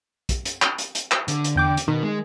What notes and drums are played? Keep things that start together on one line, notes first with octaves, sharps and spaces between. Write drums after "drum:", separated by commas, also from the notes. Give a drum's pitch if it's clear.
drum: kick, hi-hat
drum: hi-hat
drum: clap
drum: hi-hat
drum: hi-hat
drum: clap
D3, drum: hi-hat
drum: hi-hat
E2 G5 D6
drum: hi-hat
B2 D#3
G#3